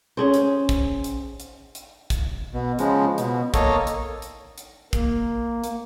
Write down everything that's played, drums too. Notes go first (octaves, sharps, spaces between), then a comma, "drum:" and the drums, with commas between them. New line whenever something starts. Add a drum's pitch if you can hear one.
C#4 G#4 C5
drum: hi-hat
drum: kick, hi-hat
drum: hi-hat
drum: hi-hat
drum: hi-hat
drum: kick, hi-hat
B2
C#3 F3 G#3, drum: hi-hat
B2, drum: hi-hat
A#3 A4 C#5 D#5, drum: kick, hi-hat
drum: hi-hat
drum: hi-hat
drum: hi-hat
A#3, drum: kick, hi-hat
drum: hi-hat